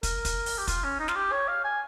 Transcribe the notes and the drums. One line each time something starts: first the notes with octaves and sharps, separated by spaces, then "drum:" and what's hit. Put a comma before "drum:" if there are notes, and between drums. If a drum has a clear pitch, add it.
A#4, drum: kick, hi-hat
drum: kick, hi-hat
drum: open hi-hat
G4
F4, drum: kick, hi-hat
C#4
D#4
F4, drum: snare
G4
C#5
F5
G#5